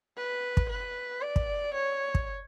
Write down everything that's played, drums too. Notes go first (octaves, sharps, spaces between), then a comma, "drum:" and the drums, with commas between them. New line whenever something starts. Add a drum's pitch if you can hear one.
B4
drum: kick
B4
D5
drum: kick
C#5
drum: kick